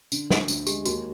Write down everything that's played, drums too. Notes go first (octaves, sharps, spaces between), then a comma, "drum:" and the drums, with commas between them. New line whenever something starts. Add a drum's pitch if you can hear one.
D3, drum: tambourine
D2, drum: snare
D2, drum: tambourine
G#3 G4, drum: tambourine
D#2 F#4, drum: tambourine